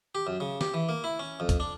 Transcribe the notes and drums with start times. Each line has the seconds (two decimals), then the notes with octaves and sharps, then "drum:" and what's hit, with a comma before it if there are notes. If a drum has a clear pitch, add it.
0.15 G4
0.27 F#2
0.40 C#3
0.61 G4, drum: snare
0.74 E3
0.89 A#3
1.04 E4
1.19 C#4
1.40 F2
1.49 drum: kick C2, hi-hat
1.60 D4